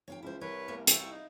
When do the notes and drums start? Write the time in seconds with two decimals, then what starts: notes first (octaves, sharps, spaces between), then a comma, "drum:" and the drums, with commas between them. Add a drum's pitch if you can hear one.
0.08 F1 C#5 F5 G5
0.23 C#2 E4 C5
0.41 C2 A#4 B4 C#5
0.68 A3 A#3 A#4
0.87 E4 F5 G5 C#6 E6, drum: hi-hat
1.11 D#4